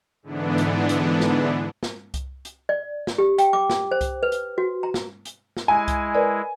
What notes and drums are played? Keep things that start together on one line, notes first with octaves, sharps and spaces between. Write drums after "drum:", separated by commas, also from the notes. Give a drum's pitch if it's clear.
G#2 D3 E3 B3 D4
drum: hi-hat
drum: hi-hat
drum: snare
drum: snare
drum: kick C2, hi-hat
drum: hi-hat
D5
drum: snare
G4
G5, drum: hi-hat
D6
drum: snare
C5
drum: kick C2, hi-hat
B4
drum: hi-hat
F#4
A#5
drum: snare
drum: hi-hat
drum: snare
G#3 E4 G#5
drum: kick C2, hi-hat
A#4 B4 D5